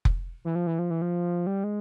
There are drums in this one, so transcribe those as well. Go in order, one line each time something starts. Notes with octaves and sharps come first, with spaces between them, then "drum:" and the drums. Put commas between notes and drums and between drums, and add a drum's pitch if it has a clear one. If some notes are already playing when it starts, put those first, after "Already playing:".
drum: kick F1
E3
F3
E3
F3
E3
F3
G3
G#3